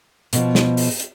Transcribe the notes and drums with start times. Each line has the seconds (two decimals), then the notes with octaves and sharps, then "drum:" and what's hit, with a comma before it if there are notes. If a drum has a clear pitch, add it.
0.33 B2 F3, drum: hi-hat
0.55 drum: snare
0.77 drum: open hi-hat
1.00 drum: hi-hat